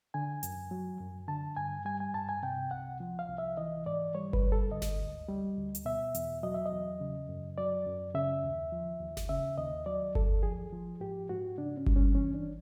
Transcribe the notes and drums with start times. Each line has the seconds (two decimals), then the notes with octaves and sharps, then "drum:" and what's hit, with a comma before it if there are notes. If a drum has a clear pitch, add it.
0.14 D3 G#5
0.43 F#2, drum: hi-hat
0.71 F#3
1.00 F#2
1.28 D3 A5
1.57 G2 G#5
1.85 G3 G#5
2.00 G#5
2.14 G2 A5
2.29 G#5
2.43 C3 G5
2.71 C2 F#5
3.00 F3
3.19 F5
3.28 C2
3.38 E5
3.57 E3 D#5
3.86 G#2 D5
4.15 G3 C#5
4.33 B4, drum: kick G1
4.43 G#2
4.52 A4
4.71 D3 D#5
4.82 drum: snare G1
5.00 D2
5.28 G3
5.57 D2
5.75 drum: hi-hat
5.85 B2 E5
6.15 E2, drum: hi-hat
6.43 F#3 D#5
6.54 E5
6.66 D#5
6.72 E2
7.00 C#3
7.29 F#2
7.58 F#3 D5
7.86 F#2
8.15 C#3 E5
8.44 D#2
8.72 F3
9.00 D#2
9.17 drum: snare G1
9.29 C#3 E5
9.58 D#2 D#5
9.86 F#3 D5
10.15 D#2 A4, drum: kick G1
10.43 F3 G#4
10.72 F3
11.00 G#2 G4
11.29 G#2 F#4
11.57 C#3 D4
11.77 C#4
11.86 G3, drum: kick G1
11.96 C#4
12.15 E3 C#4
12.34 D4